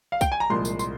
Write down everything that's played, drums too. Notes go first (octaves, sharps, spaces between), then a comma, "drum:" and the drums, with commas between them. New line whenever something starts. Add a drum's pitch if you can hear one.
F5
G5, drum: kick C2, tambourine
G#5
A#5
C2 A#2 F3 G#3 C6
drum: tambourine
C6, drum: tambourine